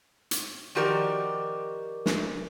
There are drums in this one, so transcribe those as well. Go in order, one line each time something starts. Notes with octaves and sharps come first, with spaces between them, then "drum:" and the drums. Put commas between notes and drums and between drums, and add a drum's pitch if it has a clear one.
drum: hi-hat
D#3 F3 F#4 G4 A#4 D5
drum: snare